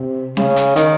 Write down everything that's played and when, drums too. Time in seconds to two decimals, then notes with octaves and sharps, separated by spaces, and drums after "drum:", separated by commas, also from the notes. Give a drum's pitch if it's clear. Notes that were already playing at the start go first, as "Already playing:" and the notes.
Already playing: C3
0.37 C#3, drum: snare C#4
0.56 drum: hi-hat
0.76 D#3, drum: hi-hat